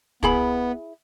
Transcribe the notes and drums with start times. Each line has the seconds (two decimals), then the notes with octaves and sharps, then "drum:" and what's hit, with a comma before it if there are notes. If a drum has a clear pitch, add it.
0.23 B3 E4 G#4 B5, drum: kick